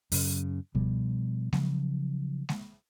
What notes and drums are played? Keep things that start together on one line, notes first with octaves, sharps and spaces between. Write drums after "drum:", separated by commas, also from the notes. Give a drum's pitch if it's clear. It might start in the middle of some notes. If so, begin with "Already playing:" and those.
F#2 C#3, drum: open hi-hat
B2 F3 G3 B3, drum: kick C#2
C#3 F3 F#3, drum: snare G#3
drum: snare G#3